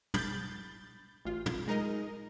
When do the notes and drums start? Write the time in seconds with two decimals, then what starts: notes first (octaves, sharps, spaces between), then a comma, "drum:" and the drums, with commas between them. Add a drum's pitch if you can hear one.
0.14 B5 G6 A6, drum: tom
1.25 A1 F4
1.46 drum: tom
1.68 G#3 D#4 A#4 D#5